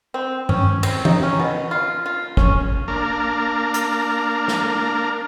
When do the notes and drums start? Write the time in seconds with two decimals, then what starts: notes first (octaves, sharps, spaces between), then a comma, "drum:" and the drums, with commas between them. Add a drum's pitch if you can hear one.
0.14 C4
0.49 C#4, drum: tom G2
0.83 C4, drum: cymbal
1.05 D#4, drum: tom E3
1.23 C#4
1.40 B2
1.71 F4
2.06 F4
2.37 C#4, drum: kick
2.88 A#3 D4 A#4
3.74 drum: hi-hat
4.48 drum: snare